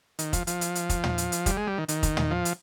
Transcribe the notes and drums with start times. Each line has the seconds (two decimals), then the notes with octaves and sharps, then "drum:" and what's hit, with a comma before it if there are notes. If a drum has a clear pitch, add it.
0.19 D#3, drum: hi-hat
0.33 F3, drum: kick, hi-hat
0.47 F3, drum: hi-hat
0.61 drum: hi-hat
0.75 drum: hi-hat
0.89 drum: kick, hi-hat
1.04 drum: tom
1.18 drum: hi-hat
1.32 drum: hi-hat
1.46 G3, drum: kick, hi-hat
1.57 G#3
1.67 G3
1.78 D#3
1.88 D#3, drum: hi-hat
2.03 drum: kick, hi-hat
2.17 drum: tom
2.31 F3
2.45 drum: hi-hat